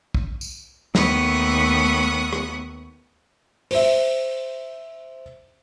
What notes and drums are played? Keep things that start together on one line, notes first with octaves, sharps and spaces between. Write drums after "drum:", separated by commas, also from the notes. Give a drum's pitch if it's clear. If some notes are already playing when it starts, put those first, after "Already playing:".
drum: kick
drum: tambourine
D#2 A3 B3 C#6 D#6 F#6, drum: snare
drum: rim click
C5 E5, drum: open hi-hat